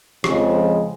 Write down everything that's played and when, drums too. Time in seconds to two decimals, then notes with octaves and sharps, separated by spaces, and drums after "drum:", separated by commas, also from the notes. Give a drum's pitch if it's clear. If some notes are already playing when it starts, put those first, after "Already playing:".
0.24 F2 C#3 F3 G#3, drum: rim click